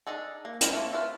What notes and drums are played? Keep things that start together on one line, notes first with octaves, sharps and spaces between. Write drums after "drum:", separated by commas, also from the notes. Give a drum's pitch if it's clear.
D4 D#4 G#4 A4
A#3
G3 G#3 A#3 C4 A#4, drum: hi-hat
A3 A#3 C4 C#5
C4 E4 F4 B4 F5